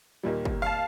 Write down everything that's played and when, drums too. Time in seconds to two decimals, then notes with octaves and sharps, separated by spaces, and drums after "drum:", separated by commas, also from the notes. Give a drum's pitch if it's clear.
0.23 D#2 A#2 G3
0.45 drum: kick
0.62 F5 A5